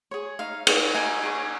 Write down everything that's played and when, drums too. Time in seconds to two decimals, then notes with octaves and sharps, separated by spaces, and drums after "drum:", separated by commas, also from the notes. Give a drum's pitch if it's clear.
0.11 G#4 C#5
0.39 D#4 F5
0.67 G#4 C#5 G5, drum: cymbal
0.94 D#4 G#5
1.23 G#4 C#5